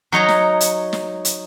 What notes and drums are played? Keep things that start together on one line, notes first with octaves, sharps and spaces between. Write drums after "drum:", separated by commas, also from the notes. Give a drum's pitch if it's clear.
F#3 D#4 C#5 A#5
drum: snare
drum: hi-hat
drum: snare
drum: hi-hat